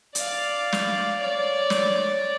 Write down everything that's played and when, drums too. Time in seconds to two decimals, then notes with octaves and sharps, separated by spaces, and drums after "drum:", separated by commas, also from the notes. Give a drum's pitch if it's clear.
0.15 D5 F5, drum: hi-hat
0.72 drum: snare
1.20 C#5 D5
1.70 drum: snare